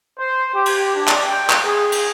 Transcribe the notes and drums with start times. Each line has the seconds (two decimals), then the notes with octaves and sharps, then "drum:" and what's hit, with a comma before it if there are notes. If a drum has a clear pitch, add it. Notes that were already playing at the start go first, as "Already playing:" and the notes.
0.18 C5
0.56 G4
0.66 drum: cymbal
0.95 D4
1.08 drum: clap
1.29 G5
1.50 drum: clap
1.64 G#4
1.92 drum: cymbal